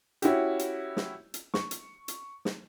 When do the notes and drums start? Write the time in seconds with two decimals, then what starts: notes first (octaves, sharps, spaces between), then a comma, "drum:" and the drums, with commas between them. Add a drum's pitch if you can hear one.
0.22 C#4 E4 F#4 G4, drum: hi-hat
0.59 drum: hi-hat
0.97 drum: snare
1.34 drum: hi-hat
1.54 C#6, drum: snare
1.71 drum: hi-hat
2.08 drum: hi-hat
2.45 drum: snare